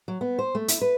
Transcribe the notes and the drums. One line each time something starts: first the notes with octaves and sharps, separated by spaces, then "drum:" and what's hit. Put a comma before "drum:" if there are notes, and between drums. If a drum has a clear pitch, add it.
F#3
B3
C5
A3
E4, drum: hi-hat
B4